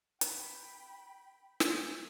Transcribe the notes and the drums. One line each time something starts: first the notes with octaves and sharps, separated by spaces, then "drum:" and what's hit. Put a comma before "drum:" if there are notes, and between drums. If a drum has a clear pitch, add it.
G5 B5, drum: hi-hat
drum: snare